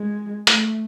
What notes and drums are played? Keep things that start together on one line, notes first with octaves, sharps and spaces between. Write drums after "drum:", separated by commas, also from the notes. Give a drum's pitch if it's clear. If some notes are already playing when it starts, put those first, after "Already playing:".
Already playing: G#3
A3, drum: hi-hat